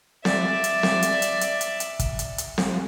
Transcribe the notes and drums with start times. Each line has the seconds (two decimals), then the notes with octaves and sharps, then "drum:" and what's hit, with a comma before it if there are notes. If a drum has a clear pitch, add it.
0.25 D5 E5, drum: snare C4
0.64 drum: hi-hat
0.83 drum: snare C4
1.03 drum: hi-hat
1.22 drum: hi-hat
1.41 drum: hi-hat
1.61 drum: hi-hat
1.80 drum: hi-hat
1.99 drum: kick, hi-hat
2.19 drum: hi-hat
2.38 drum: hi-hat
2.58 drum: snare C4